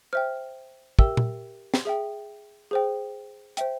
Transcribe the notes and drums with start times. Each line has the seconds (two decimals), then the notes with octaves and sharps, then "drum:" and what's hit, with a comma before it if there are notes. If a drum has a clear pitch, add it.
0.13 C5 E5 G5 F6
0.99 G4 A#4 E5 G5 E6, drum: kick
1.17 drum: tom A#2
1.74 drum: snare
1.85 G#4 E5 G5
2.71 G#4 C5 G5
3.57 C5 E5 G5, drum: hi-hat